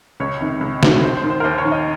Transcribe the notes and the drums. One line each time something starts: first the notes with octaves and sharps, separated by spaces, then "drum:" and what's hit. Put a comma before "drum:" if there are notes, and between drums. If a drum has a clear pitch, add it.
C#2 C#5
C3 D#3
C#2
C3 D#3, drum: snare
D#2 C5
C5
D#3
C5
A#4
D#2 C5
C#5
D#3
D#5